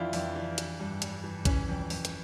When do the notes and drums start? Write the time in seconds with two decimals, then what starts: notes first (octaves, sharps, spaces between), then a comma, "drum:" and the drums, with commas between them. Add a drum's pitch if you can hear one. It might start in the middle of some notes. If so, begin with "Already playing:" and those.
Already playing: F2 E3 D4 E4 F4
0.13 F2 D4, drum: open hi-hat
0.35 E3
0.58 E3, drum: hi-hat
0.79 G2
1.02 G2, drum: hi-hat
1.24 E3
1.45 E3 C#4, drum: kick, hi-hat
1.68 F2
1.90 F2, drum: open hi-hat
2.05 drum: hi-hat